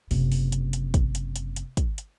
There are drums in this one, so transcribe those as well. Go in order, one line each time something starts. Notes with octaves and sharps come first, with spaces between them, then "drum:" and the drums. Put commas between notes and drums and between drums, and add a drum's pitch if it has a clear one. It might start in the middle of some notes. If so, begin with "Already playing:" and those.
F#1 C3, drum: open hi-hat
drum: open hi-hat
drum: hi-hat
drum: hi-hat
drum: kick, hi-hat
drum: hi-hat
drum: hi-hat
drum: hi-hat
drum: kick, hi-hat
drum: hi-hat